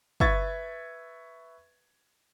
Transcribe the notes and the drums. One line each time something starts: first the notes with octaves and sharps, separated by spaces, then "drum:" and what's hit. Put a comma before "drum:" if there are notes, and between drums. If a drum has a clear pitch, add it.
B4 E5 C#6 G#6 A6, drum: kick